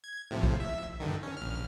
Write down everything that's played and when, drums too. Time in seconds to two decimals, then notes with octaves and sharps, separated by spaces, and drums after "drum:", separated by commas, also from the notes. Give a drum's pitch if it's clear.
0.04 G#6
0.31 A2 C3 F3
0.43 drum: kick B1
0.60 E5
1.00 G2 D3 D#3
1.23 C#4
1.37 A#1 F6